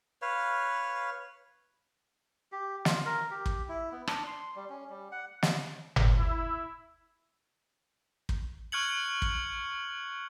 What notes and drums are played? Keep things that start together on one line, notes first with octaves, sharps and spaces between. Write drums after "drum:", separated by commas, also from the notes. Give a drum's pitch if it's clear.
B4 C#5 F5
G4
F4, drum: snare
A#4
G4
drum: kick
E4
B3
D4, drum: rim click
C6
G3
C#4
G3
F#5
drum: snare
drum: tom G1
E4
drum: kick
C#6 F6 F#6 G#6 C#7 F#7
drum: kick